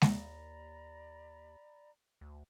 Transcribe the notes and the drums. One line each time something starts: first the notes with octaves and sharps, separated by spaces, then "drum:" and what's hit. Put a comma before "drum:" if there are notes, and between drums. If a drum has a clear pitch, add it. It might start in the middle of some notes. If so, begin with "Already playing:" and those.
D#2 D5 A#5 B5, drum: snare G#3
D2